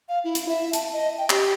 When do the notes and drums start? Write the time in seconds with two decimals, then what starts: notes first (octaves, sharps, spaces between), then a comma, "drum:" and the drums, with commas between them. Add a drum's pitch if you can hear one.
0.09 F5
0.24 E4
0.35 drum: hi-hat
0.49 E5
0.73 A5, drum: hi-hat
0.93 D#5
1.18 G5
1.30 G4, drum: clap